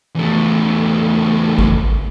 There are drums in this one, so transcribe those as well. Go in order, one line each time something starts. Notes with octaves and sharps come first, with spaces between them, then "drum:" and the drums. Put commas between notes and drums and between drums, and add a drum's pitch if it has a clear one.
E2 A3
drum: kick G#1